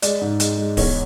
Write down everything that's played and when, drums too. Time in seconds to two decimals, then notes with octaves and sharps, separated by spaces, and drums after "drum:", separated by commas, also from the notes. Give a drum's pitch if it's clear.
0.02 G#3 D5, drum: hi-hat
0.21 G#2
0.40 G#3, drum: hi-hat
0.58 G#3
0.77 E2 C#5, drum: kick D1, open hi-hat